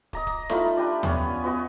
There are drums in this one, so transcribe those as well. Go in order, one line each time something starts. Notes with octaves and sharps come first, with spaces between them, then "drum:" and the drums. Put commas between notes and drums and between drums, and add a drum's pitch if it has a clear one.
D#5 A#5 D6, drum: kick
drum: kick
A3 D#4 F4 B5, drum: snare E4
D4 G4 B4
B3 C#4 D5 G#5, drum: tom D#2
B3 F#4 D#5